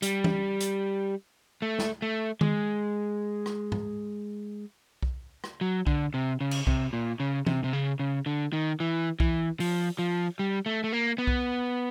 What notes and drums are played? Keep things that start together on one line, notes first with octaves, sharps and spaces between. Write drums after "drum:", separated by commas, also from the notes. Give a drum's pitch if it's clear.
G3, drum: hi-hat
drum: tom E3
drum: hi-hat
A3
drum: snare
A3
G#3, drum: tom D#3
drum: rim click
drum: tom G#2
drum: kick B1
drum: rim click
F#3
D3, drum: kick B1
C3
C#3
drum: cymbal
C3, drum: kick B1
A#2
C#3
C3, drum: tom E3
C3
C#3
C#3
D3
D#3
E3
E3, drum: kick B1
F3, drum: open hi-hat
F3
G3
A3
A3
A#3
B3
drum: kick B1